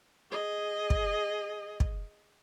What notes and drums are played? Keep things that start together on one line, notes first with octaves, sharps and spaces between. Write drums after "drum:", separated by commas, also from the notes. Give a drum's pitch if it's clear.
G#4 D#5
drum: kick
drum: kick